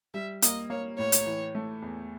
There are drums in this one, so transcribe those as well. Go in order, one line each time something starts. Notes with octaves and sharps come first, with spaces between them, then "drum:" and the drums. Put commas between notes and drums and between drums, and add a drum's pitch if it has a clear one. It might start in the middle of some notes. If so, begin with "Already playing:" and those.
G3 E5
A#3 D#5, drum: hi-hat
A#3 C#5
A2 C#5
drum: hi-hat
E3
A3
E2